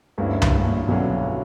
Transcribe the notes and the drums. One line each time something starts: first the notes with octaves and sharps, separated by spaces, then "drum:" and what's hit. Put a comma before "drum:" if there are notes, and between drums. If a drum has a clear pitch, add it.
D2 G2 D3 A#3 C#4 E4
G2, drum: tom C2
G2
A#2
B1 G2 B2 D3 F#3 C#4 E4